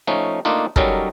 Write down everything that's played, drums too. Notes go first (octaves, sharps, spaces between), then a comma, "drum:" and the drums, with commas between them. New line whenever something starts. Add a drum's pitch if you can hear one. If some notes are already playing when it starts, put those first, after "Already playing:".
F3 A3 C#4 D#4
A3 A#3 D4 D#4 F4
F#3 G3 C#4 D#4 A4 A#4, drum: kick